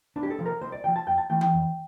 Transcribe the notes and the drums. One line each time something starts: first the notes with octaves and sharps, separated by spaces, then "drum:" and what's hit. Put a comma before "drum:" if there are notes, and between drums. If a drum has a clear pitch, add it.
C2 D4
G4
A4
C3 F3
A#4
C2 C5
D5
C3 F3 G5
A5
F2 G5
A5
E3 A3 G5
G5, drum: tom E3
F2